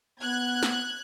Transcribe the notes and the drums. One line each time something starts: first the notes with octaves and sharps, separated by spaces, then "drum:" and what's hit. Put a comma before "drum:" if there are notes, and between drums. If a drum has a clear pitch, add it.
B3 F#6 G#6
drum: snare